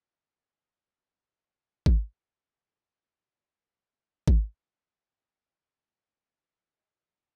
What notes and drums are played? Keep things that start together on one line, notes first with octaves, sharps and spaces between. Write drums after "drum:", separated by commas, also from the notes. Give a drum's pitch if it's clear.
D#5 F5 G5 G#5 D#6 F6
drum: kick G#1
F2 B2 G#5
drum: kick G#1
G5
D#3 D#4 A#5
G3 G#3 G#4